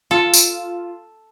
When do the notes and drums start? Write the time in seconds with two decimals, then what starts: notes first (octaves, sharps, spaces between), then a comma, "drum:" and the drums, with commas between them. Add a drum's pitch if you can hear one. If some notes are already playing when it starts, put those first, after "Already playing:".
0.11 F4 A4
0.34 drum: tambourine